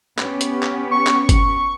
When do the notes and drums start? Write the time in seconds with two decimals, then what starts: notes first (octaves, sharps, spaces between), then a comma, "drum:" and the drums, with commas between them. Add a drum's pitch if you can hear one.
0.19 B3 C#4 G4, drum: clap
0.41 drum: hi-hat
0.63 drum: clap
0.91 C#6
1.07 drum: clap
1.29 drum: kick G1, hi-hat